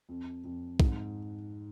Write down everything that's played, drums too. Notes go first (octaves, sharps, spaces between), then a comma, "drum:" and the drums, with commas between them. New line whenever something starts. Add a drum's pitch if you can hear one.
F2
F2
G#2, drum: kick